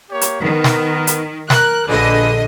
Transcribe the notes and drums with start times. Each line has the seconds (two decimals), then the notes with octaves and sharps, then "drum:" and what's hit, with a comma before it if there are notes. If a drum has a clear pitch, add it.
0.10 A#3 G4 C#5
0.21 drum: hi-hat
0.41 D#3 B3 A#4
0.64 drum: snare
1.07 drum: hi-hat
1.50 A#4 F#6, drum: snare
1.87 A#1 D3 F4 G#4 B4 D#5